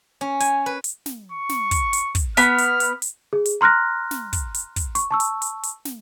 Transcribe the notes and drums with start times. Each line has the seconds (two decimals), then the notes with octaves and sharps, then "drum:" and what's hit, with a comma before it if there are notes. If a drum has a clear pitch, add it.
0.21 C#4
0.40 G#5, drum: hi-hat
0.66 B4
0.84 drum: hi-hat
1.06 drum: snare
1.32 C#6
1.49 drum: snare
1.71 drum: kick, hi-hat
1.93 drum: hi-hat
2.15 drum: kick, hi-hat
2.37 B3 B5 F6, drum: hi-hat
2.58 drum: hi-hat
2.80 drum: hi-hat
3.02 drum: hi-hat
3.33 G#4
3.45 drum: hi-hat
3.61 A#5 C6 F6 F#6 A#6
4.11 drum: snare
4.33 drum: kick, hi-hat
4.54 drum: hi-hat
4.76 drum: kick, hi-hat
4.95 C#6, drum: hi-hat
5.11 A5 C#6 E6
5.20 drum: hi-hat
5.42 drum: hi-hat
5.63 drum: hi-hat
5.85 drum: snare